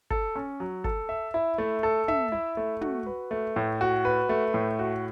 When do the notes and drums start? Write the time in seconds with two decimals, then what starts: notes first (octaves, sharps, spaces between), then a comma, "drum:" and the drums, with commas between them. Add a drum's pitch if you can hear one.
0.10 A4, drum: kick
0.36 C#4
0.60 F#3
0.84 A4, drum: kick
1.09 E5
1.34 E4
1.58 A3
1.83 A4
2.08 E5, drum: tom
2.32 E4
2.57 A3
2.81 F#4, drum: tom
3.06 B4
3.31 A3
3.56 A2
3.81 F#4
4.05 B4
4.29 A3
4.54 A2
4.79 F#4